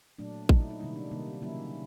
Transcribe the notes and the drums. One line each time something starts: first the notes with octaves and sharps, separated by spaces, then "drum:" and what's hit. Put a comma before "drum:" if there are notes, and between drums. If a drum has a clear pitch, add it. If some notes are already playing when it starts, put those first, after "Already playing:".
A#2 F#3 A3 D4
A#2 F#3 A3 D#4, drum: kick A1
E4
D#4
C3 D#3 G3 A#3 E4
D4
C3 D#3 G3 A#3 D#4
C#3 F#3 A#3 C#4 E4